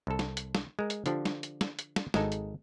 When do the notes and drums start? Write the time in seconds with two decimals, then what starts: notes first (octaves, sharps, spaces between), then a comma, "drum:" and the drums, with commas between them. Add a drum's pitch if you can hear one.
0.07 C2 A4
0.19 drum: snare
0.37 drum: hi-hat
0.55 drum: snare
0.79 G#3 A#4
0.90 drum: hi-hat
1.06 D3 F3 D4 G4, drum: hi-hat
1.25 drum: snare
1.43 drum: hi-hat
1.61 drum: snare
1.79 drum: hi-hat
1.96 drum: snare
2.14 G#1 G#3 D#4 A4, drum: snare
2.32 drum: hi-hat